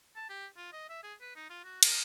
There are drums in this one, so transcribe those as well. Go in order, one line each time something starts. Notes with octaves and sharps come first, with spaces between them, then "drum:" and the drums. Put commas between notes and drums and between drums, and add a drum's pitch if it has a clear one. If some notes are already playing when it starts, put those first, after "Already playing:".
A5
G4
F4
D#5
E5
G#4
B4
D#4
F4
F#4
A#4, drum: cymbal